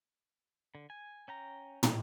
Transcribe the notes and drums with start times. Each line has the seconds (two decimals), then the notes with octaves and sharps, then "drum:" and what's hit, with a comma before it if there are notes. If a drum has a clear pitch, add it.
0.75 D3
0.90 G#5
1.28 C#4 G5 A#5
1.83 D#4, drum: tom